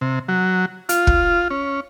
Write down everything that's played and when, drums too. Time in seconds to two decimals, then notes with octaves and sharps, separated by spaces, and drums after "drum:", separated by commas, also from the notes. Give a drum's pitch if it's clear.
0.01 C3
0.28 F#3
0.89 F4, drum: hi-hat
1.07 drum: kick
1.50 C#4